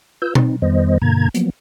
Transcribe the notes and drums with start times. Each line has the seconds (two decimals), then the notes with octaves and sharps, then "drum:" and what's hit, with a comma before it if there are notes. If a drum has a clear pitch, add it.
0.22 F4 B4 E6 G6
0.35 C4 D#4, drum: tom B2
0.62 F2 D#3 G3 B3 C5 D#5
1.02 G2 B2 D3 A#3 A#5 G#6
1.34 F3 F#3 A#3 B3, drum: hi-hat